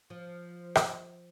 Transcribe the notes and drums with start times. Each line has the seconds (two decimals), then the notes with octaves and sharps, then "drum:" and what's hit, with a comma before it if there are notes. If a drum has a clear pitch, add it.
0.10 F3
0.75 drum: rim click